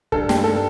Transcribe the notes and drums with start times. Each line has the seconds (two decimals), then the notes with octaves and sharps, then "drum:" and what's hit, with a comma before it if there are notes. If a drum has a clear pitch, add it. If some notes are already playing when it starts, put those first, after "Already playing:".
0.12 G2 A4, drum: kick
0.29 G4, drum: snare
0.36 G2
0.44 A4